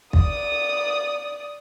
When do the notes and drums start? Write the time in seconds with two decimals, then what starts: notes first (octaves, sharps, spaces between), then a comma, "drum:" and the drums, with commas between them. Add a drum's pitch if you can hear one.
0.13 D5 D#6, drum: kick